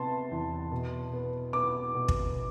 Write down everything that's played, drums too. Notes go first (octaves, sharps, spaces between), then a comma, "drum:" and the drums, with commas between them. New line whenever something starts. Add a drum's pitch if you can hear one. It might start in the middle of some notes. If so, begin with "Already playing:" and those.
Already playing: C3 B3 A5 C6
E2
B2
B3
B3 D6
B2
drum: kick